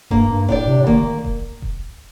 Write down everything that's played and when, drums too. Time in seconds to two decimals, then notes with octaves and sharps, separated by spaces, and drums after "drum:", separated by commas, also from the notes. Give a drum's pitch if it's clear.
0.11 G2 A#3, drum: kick D#1
0.30 G2
0.48 A2 D4 G4 D5, drum: kick D#1
0.68 C3
0.87 D#3 A#3, drum: kick D#1
1.25 drum: kick D#1
1.62 drum: kick D#1